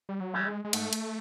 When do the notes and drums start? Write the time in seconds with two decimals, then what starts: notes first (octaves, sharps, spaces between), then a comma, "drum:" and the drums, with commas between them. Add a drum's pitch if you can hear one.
0.09 G3
0.20 F#3
0.33 E3 A3 C#4
0.40 G3
0.46 G#3
0.64 G#3
0.73 G#2 A3, drum: cymbal
0.93 drum: cymbal